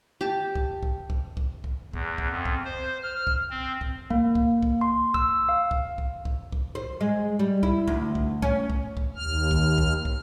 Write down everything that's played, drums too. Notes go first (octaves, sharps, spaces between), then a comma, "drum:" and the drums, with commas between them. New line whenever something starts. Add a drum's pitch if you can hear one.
G4 A5
drum: kick
drum: kick
drum: kick
drum: kick
drum: kick
E2, drum: kick
drum: kick
F2
drum: kick
C5
F6
drum: kick
C4
drum: kick
A#3, drum: kick
drum: kick
drum: kick
C6
E6, drum: kick
F5
drum: kick
drum: kick
drum: kick
drum: kick
C5
G#3
G3
E4, drum: kick
D2, drum: kick
drum: kick
C#4, drum: kick
drum: kick
drum: kick
D#2 F6
drum: kick
drum: kick
drum: kick